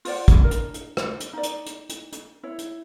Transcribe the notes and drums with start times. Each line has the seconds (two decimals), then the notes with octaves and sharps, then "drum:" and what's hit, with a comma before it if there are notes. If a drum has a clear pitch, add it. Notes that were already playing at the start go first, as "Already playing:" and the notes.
0.05 F4 C5 D5 F#5, drum: open hi-hat
0.28 drum: kick, hi-hat
0.40 D4 A#4
0.51 drum: hi-hat
0.74 drum: hi-hat
0.97 drum: rim click
1.20 drum: hi-hat
1.33 D#4 D5
1.43 drum: hi-hat
1.66 drum: hi-hat
1.89 drum: hi-hat
2.12 drum: hi-hat
2.43 E4 C#5
2.58 drum: hi-hat